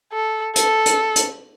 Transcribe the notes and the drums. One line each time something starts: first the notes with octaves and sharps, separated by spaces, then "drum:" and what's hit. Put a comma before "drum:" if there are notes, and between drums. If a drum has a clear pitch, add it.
A4
A4, drum: hi-hat
drum: hi-hat
drum: hi-hat